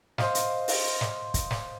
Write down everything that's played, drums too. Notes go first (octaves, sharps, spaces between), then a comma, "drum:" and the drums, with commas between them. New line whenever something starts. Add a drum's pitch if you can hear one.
C5 D#5 F5, drum: snare
drum: hi-hat
drum: open hi-hat
drum: snare
drum: kick, hi-hat
drum: snare